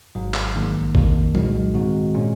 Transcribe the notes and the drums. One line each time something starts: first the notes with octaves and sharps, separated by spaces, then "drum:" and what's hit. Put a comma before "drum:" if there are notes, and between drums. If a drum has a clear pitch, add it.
G#1 G#2 F#3
drum: clap
A#1 G#2 D#3 A#3
F2 C3 D#3 A#3, drum: kick
C2 A#2 G#3 D#4 F#4, drum: tom F#3
G#2 D#3 G#3 C4 F#4
A#2 G#3 C#4